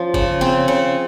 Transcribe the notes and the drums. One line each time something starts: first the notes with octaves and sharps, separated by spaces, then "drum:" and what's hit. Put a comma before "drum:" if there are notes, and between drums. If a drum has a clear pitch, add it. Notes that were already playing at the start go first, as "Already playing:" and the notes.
Already playing: F3 C#4
C#3, drum: kick G1
C#3 C4
C#3